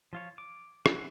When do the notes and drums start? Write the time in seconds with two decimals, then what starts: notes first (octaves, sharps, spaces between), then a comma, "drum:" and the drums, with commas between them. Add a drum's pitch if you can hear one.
0.13 F3 F4 C#5
0.38 D6
0.86 C#4 E4 F#4, drum: rim click